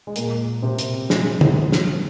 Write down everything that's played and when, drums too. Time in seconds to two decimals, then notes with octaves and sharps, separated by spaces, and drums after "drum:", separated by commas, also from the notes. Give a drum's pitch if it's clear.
0.07 G#3
0.16 A#2 A#3, drum: hi-hat
0.62 C3 C4
0.78 drum: hi-hat
1.10 G#3, drum: snare
1.41 drum: tom
1.72 drum: snare